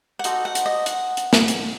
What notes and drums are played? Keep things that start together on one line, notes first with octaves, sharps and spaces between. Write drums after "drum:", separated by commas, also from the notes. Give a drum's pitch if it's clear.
F#5
D#4 F#4 A4 C5 D#5, drum: hi-hat
F#5
drum: hi-hat
D#5
F#5, drum: hi-hat
drum: hi-hat
drum: snare
drum: hi-hat